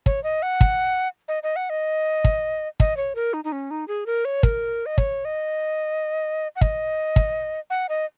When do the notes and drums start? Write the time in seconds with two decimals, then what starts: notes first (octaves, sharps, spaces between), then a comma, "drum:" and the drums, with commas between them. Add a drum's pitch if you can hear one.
0.06 C#5, drum: kick
0.24 D#5
0.42 F#5
0.61 drum: kick
1.28 D#5
1.43 D#5
1.56 F#5
1.70 D#5
2.25 drum: kick
2.80 D#5, drum: kick
2.97 C#5
3.15 A#4
3.33 D#4
3.44 D#4
3.52 C#4
3.71 D#4
3.88 G#4
4.06 A#4
4.25 C#5
4.43 A#4, drum: kick
4.86 D#5
4.98 C#5, drum: kick
5.25 D#5
6.56 F#5
6.61 D#5, drum: kick
7.16 drum: kick
7.70 F#5
7.89 D#5